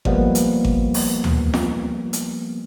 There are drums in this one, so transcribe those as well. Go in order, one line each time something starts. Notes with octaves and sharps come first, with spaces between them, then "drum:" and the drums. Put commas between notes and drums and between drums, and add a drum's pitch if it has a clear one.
F3 G3 G#3 A#3 B3, drum: kick G#1
drum: hi-hat
drum: kick G#1
drum: open hi-hat
drum: tom D2
drum: snare F4
drum: hi-hat